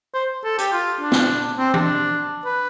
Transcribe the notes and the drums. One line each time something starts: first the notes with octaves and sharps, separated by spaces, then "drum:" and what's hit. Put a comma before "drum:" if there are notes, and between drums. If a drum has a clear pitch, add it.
C5
A4
G4, drum: hi-hat
F4
D4
drum: snare
C4
D4, drum: tom E3
B4